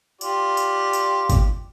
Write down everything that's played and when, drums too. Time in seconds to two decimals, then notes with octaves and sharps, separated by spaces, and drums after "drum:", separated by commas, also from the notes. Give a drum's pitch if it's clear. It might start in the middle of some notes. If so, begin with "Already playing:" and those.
0.21 F4 G4 D5, drum: tambourine
0.57 drum: tambourine
0.93 drum: tambourine
1.29 drum: kick G1, tambourine